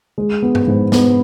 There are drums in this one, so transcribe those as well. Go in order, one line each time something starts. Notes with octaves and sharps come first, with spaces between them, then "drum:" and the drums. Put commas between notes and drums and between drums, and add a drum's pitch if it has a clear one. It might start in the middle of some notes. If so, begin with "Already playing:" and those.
G#3
B3
drum: tom G2
G#2
B3, drum: snare